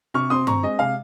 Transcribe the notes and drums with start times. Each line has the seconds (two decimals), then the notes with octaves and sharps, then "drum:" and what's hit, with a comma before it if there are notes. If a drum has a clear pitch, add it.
0.14 C3 C#6 F6
0.30 C4 C6 D#6
0.47 C4 A#5 C#6, drum: tom G2
0.63 G#3 D#5
0.79 C3 F5